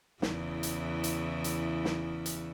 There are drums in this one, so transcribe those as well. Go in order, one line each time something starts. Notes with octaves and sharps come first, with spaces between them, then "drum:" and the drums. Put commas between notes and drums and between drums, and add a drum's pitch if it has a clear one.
E2 C#3 E4, drum: snare
drum: hi-hat
drum: hi-hat
drum: hi-hat
drum: snare
drum: hi-hat